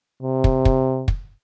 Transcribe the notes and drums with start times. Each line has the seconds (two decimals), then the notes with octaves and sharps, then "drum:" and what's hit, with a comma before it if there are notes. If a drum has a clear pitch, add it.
0.23 C3
0.44 drum: kick
0.65 drum: kick
1.08 drum: kick